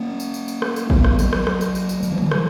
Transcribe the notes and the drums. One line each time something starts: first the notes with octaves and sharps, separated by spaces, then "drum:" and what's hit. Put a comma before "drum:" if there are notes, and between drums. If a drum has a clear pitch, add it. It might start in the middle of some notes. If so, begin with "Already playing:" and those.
Already playing: A#3 C#4
drum: tambourine
drum: tambourine
drum: tambourine
drum: rim click
drum: tambourine
G3 B3, drum: kick A1
drum: rim click
F#3 A#3, drum: tambourine
drum: rim click
drum: rim click
drum: tambourine
drum: tambourine
drum: tambourine
F#3 A#3, drum: tambourine
E3 G3
D3 F#3
E3 G3, drum: rim click